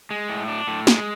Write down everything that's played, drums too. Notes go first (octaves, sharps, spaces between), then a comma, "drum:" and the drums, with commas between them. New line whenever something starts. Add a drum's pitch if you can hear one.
G#3
A2
D4
A2
G#3, drum: snare